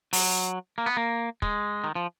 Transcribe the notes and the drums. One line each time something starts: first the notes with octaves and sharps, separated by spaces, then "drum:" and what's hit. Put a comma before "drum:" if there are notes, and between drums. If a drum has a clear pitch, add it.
F#3, drum: open hi-hat
A#3
B3
A#3
G#3, drum: kick
D#3
F3